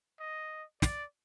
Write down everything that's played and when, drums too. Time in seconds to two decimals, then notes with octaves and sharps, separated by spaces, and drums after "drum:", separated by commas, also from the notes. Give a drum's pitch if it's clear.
0.20 D#5
0.82 D5, drum: snare